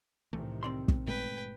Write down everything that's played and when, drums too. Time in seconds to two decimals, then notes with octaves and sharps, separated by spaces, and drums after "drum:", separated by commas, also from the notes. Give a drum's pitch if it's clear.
0.33 C2 A2 C3 D#3 E3 A3
0.63 C4 D5 C6
0.88 drum: kick
1.07 G1 A#2 G#3 A3 B4 G5